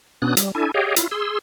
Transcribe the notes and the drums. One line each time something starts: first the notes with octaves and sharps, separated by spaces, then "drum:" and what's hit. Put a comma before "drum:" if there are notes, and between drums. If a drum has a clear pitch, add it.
B2 B3 C#4 D4 D#6 F#6
G3, drum: hi-hat
D4 E4 A4 G#5
G4 G#4 C#5 D#5 F5 G5
E4 F4, drum: hi-hat
G#4 C6 E6